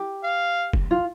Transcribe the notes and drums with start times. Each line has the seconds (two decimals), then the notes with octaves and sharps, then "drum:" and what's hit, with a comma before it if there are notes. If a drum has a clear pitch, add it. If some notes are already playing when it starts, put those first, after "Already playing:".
Already playing: G4
0.24 F5
0.73 drum: kick F1
0.91 F4